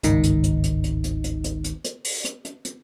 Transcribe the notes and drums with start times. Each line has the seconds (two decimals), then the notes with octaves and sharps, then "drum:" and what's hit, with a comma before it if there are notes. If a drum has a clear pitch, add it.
0.03 G1 C#2 G#2 D#3 D#4, drum: hi-hat
0.24 drum: hi-hat
0.44 drum: hi-hat
0.64 drum: hi-hat
0.84 drum: hi-hat
1.04 drum: hi-hat
1.24 drum: hi-hat
1.44 drum: hi-hat
1.64 drum: hi-hat
1.84 drum: hi-hat
2.05 drum: open hi-hat
2.25 drum: hi-hat
2.45 drum: hi-hat
2.65 drum: hi-hat